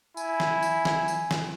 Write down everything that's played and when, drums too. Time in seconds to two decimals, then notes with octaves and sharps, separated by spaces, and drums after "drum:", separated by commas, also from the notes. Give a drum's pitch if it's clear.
0.17 E4 G#5, drum: tambourine
0.40 drum: snare
0.63 drum: tambourine
0.85 drum: snare
1.08 drum: tambourine
1.31 drum: snare